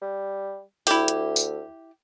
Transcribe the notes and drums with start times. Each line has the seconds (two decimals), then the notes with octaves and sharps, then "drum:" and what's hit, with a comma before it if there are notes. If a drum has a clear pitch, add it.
0.01 G3
0.87 D2 E4 G4, drum: open hi-hat
1.08 drum: hi-hat
1.36 drum: tambourine